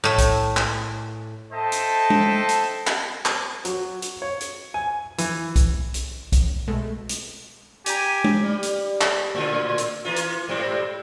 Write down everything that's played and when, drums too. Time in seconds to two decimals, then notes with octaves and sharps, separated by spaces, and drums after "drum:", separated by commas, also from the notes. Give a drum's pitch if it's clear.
0.04 A2 A3
0.18 drum: kick B1, hi-hat
0.57 drum: clap
1.53 A4 C5 D#5 E5 G5 A5
1.72 drum: hi-hat
2.10 drum: tom G#3
2.49 drum: hi-hat
2.87 drum: clap
3.25 drum: clap
3.65 F#3, drum: hi-hat
4.02 drum: hi-hat
4.22 C#5
4.40 drum: hi-hat
4.74 G#5
5.18 E3, drum: hi-hat
5.56 drum: kick B1, hi-hat
5.94 drum: hi-hat
6.32 drum: kick B1, hi-hat
6.68 B2 G#3 A3
7.09 drum: hi-hat
7.86 G4 D5 G#5 A#5, drum: hi-hat
8.24 drum: tom G#3
8.44 G3
8.63 drum: hi-hat
9.01 drum: clap
9.35 A2 D3 F4
9.78 drum: hi-hat
10.05 E3 A#3 F4
10.16 drum: hi-hat
10.49 G#2 G3 C4